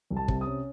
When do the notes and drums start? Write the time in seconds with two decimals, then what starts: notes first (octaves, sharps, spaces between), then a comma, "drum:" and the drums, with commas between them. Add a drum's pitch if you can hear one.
0.11 C2
0.17 A5
0.28 C3, drum: kick
0.41 D#6
0.47 C#4